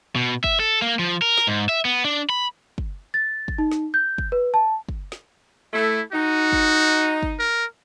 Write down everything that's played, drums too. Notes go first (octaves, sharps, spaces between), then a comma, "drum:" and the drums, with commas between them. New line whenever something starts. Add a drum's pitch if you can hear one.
B2
E5, drum: kick
A4
A#3
F3
A#4
drum: snare
G#2
E5
B3
D4
B5
drum: kick
A6
drum: kick
D#4
drum: snare
G6
drum: kick
B4
A5
drum: kick
drum: snare
A3 E4
D#4 F#4
drum: kick
drum: kick
A#4